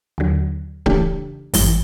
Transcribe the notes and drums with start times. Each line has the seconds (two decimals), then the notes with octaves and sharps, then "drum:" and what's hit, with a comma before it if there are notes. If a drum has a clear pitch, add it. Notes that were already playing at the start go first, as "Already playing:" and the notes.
0.18 D#2 D3 F#3
0.86 C#3 E3 A3 D4 G4, drum: kick C#1
1.54 G#1 G2 E3, drum: open hi-hat